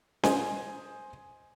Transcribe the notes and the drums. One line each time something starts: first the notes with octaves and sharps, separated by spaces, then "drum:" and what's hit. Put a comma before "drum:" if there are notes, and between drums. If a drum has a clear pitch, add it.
C5 D#5 G#5, drum: snare C#4